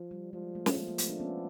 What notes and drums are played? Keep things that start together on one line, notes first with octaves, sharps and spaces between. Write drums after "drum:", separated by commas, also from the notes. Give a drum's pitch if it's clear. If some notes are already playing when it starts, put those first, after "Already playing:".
Already playing: F3
G3
F3 G#3
A3
drum: snare
G#3 A#3
A#3
A3 B3, drum: hi-hat
D4
B3 C#4